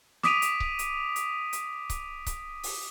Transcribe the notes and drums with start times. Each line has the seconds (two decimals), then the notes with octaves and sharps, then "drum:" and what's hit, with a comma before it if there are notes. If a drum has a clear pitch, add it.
0.23 D6 D#6 B6 D7 D#7 F7, drum: snare
0.42 drum: hi-hat
0.60 drum: kick C#1
0.79 drum: hi-hat
1.16 drum: hi-hat
1.53 drum: hi-hat
1.90 drum: kick C#1, hi-hat
2.26 drum: kick C#1, hi-hat
2.63 drum: open hi-hat